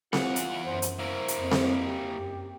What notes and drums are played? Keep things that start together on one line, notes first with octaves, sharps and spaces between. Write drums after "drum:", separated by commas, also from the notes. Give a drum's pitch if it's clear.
E2 F4 F#5, drum: snare C4
drum: hi-hat
F#2 C5
drum: hi-hat
A#3 E4 C5
drum: hi-hat
F2
drum: snare C4
G4
F#2